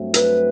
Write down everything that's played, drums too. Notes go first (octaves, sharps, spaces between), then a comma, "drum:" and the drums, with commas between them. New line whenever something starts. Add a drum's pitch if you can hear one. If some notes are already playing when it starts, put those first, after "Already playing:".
Already playing: G2 F#3 A3 C4
B4, drum: hi-hat